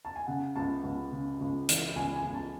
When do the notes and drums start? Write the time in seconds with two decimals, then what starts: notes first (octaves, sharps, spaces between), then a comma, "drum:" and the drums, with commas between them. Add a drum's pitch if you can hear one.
0.05 A5
0.16 G#5
0.27 C#3 F#5
0.56 C#2 A5
0.83 C#2
1.12 C#3
1.40 C#2
1.69 E3, drum: hi-hat
1.96 C#2 G#5
2.16 G#5
2.24 C#2
2.34 A5